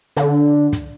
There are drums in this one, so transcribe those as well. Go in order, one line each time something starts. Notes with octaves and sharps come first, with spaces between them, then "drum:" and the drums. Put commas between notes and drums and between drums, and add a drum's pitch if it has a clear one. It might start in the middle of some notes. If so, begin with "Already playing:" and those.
D3, drum: hi-hat
drum: kick, hi-hat